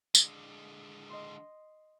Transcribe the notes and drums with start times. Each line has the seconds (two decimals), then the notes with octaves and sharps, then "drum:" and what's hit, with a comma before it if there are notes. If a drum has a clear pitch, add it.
0.15 D3 G#3, drum: tambourine
1.09 D#5 C6